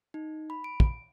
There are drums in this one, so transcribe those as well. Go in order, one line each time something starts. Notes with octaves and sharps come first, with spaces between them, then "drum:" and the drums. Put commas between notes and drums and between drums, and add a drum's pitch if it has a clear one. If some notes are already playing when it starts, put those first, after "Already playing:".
D#4
B5
D7
drum: kick